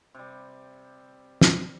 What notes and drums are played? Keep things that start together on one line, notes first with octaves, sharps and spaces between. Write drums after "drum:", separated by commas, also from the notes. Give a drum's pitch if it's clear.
C3 G3
drum: snare